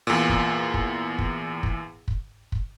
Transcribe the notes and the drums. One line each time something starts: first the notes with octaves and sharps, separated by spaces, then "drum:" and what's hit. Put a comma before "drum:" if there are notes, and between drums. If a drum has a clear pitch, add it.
E2 A#2
drum: kick
drum: kick
drum: kick
drum: kick
drum: kick
drum: kick